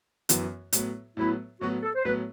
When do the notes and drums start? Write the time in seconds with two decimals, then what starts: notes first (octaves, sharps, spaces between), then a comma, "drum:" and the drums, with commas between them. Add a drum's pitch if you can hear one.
0.29 F#2 E3 B3 F#4, drum: hi-hat
0.73 A2 F#3 B3, drum: hi-hat
1.17 A2 F#3 B3 E4
1.60 A2 F#3 B3 F#4
1.82 A4
1.95 C5
2.04 A2 F#3 B3 B4